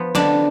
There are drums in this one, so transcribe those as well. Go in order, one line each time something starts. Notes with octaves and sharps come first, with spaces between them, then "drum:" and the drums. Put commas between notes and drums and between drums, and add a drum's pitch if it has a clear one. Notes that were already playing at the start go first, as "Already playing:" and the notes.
Already playing: F3 B3
D3 D4, drum: snare